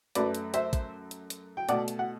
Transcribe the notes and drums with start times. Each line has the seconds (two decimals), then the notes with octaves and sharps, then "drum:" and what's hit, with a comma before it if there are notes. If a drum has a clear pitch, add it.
0.15 F#2 F#3 A3 B4 D5, drum: hi-hat
0.35 drum: hi-hat
0.54 C5 E5, drum: hi-hat
0.73 drum: kick, hi-hat
1.11 drum: hi-hat
1.30 drum: hi-hat
1.57 G5
1.69 B2 A3 D5 F#5, drum: hi-hat
1.88 drum: hi-hat
1.99 F#5